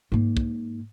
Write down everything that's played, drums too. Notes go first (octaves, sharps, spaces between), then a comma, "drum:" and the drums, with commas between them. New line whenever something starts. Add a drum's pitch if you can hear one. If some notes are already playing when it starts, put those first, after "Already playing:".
G#2 A#3
drum: kick